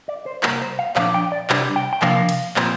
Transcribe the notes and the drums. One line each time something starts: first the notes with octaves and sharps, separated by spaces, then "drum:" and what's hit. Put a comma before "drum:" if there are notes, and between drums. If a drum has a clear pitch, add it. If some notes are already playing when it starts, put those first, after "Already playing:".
D5
C5
C2 A#2 A#3 A#4, drum: clap
C5
F5
A#2 F3 A#3 D4 F5, drum: clap
G5
D5
C3 G3 D4, drum: clap
G5
G5
C3 F3 A#3 D4 F5, drum: clap
drum: cymbal
A#2 F3 C4, drum: clap